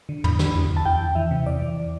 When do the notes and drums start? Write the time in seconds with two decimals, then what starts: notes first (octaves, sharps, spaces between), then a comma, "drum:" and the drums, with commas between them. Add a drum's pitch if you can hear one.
0.09 D3
0.24 E2 B5, drum: tom
0.39 D3, drum: snare
0.55 E2
0.70 E2
0.77 A5
0.85 E2 G5
1.01 E2
1.15 E3 E5
1.31 C3
1.46 E2 D5
1.62 E3